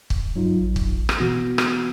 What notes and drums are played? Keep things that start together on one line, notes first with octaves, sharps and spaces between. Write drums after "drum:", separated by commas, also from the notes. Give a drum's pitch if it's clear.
drum: kick
G2 F#3 D#4 F4
A1
drum: kick
drum: rim click
B2 E3 B3 F#4 A#6
drum: rim click